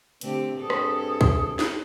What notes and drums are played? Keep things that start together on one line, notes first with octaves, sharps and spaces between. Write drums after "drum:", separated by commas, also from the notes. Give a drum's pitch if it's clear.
D3 A3 C4 G4, drum: hi-hat
G2 C4 G#4 A4
drum: rim click
drum: kick
drum: snare